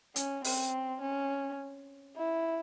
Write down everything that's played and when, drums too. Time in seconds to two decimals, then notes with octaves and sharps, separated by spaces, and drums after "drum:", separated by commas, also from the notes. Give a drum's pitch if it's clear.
0.16 C#4, drum: hi-hat
0.44 C4, drum: open hi-hat
1.01 C#4
2.16 E4